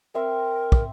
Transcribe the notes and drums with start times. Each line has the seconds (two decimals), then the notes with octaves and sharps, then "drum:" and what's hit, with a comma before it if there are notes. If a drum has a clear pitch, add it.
0.15 C4 A#4 E5 C6
0.72 drum: kick